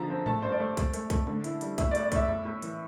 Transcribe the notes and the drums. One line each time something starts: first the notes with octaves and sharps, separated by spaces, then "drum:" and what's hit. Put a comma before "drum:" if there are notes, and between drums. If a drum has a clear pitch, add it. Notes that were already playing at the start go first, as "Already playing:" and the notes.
Already playing: D3 F3 A5 A#5
C4
A3 A5, drum: tom G#2
G2 C5
D5
A3
A3, drum: kick, hi-hat
A3, drum: hi-hat
A3, drum: kick, hi-hat
D3, drum: tom
E4, drum: hi-hat
G3, drum: hi-hat
A2 E5, drum: kick, hi-hat
D5
A2, drum: hi-hat
D5
A2 E5, drum: kick, hi-hat
A2, drum: tom E2
A2
E3, drum: hi-hat